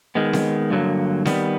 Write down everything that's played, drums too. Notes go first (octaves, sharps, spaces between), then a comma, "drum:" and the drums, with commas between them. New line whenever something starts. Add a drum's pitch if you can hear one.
D#3 G#3 B3
drum: snare C4
G2 D3 F#3 A#3
D#3 G3 B3, drum: snare C4